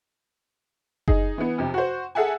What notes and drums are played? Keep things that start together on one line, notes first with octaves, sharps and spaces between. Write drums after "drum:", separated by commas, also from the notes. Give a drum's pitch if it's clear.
D#4 G#4, drum: kick F#1
E3 B3
F2 C3
F#4 C5
G#4 A4 E5 F#5 G#5